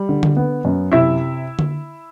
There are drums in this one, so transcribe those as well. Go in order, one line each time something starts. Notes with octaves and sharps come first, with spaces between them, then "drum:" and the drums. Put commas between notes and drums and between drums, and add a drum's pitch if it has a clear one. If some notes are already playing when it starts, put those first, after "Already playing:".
Already playing: G3
D3
drum: tom D3
B3
F#2
C3 E4 E5
drum: tom D3